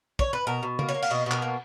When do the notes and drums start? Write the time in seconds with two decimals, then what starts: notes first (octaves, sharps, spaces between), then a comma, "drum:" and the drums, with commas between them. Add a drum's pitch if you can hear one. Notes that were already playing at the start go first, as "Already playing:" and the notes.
0.19 C#5, drum: kick
0.33 B4
0.47 B2 A#4
0.63 B2
0.79 A#3, drum: tom C#3
0.89 C#5
0.94 A#3
1.02 F5, drum: cymbal
1.11 B2 D#5
1.26 B2
1.31 A#4, drum: clap
1.42 A#3